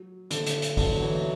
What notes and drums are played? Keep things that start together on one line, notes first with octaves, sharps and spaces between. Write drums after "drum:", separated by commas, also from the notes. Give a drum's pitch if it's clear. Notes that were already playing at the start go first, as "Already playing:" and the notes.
Already playing: F#3
D3, drum: hi-hat
drum: hi-hat
drum: hi-hat
E2 B2 D3 F#3, drum: kick G#1, open hi-hat
E3